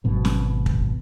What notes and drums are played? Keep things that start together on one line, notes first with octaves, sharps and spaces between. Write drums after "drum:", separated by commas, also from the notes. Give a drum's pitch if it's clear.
G#1 G#2 B2 F#3
drum: snare
drum: kick